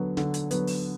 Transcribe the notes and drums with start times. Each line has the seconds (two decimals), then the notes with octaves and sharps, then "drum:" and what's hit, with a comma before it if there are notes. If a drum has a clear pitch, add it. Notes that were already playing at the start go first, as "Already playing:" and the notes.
Already playing: D3 F#3 B3
0.17 D3, drum: snare
0.34 drum: hi-hat
0.51 F#3 B3, drum: hi-hat
0.67 drum: open hi-hat